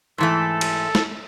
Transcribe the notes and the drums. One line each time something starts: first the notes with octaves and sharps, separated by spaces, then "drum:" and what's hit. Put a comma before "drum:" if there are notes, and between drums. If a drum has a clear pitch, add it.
G#2 E3 A3 A4
drum: cymbal
drum: snare